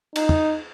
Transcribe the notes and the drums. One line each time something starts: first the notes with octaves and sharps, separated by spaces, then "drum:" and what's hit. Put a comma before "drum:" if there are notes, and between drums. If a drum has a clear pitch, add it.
D#4, drum: cymbal
drum: tom